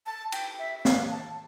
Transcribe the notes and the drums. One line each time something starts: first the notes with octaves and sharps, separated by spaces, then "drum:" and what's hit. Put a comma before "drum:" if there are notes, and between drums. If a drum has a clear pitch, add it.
A5
G5, drum: cymbal
E5
E5
F5, drum: snare
A5